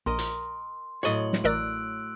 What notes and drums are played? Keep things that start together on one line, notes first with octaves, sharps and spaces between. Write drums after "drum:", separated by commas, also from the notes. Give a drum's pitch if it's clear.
A#1 A#4 D#5 C6
drum: hi-hat
A2 F#3 C#5 D#5 F#7
drum: snare
A1 A#4 D5 E6 F#6 D7